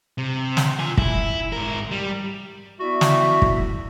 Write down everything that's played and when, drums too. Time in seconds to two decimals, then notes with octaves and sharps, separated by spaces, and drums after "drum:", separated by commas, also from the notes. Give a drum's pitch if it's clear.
0.18 C3
0.57 drum: snare
0.79 F4 G#5
0.98 E4, drum: kick
1.52 G#2 A#4
1.91 G3
2.81 B3 E4 F#4 D5 E5
3.01 drum: snare
3.42 drum: kick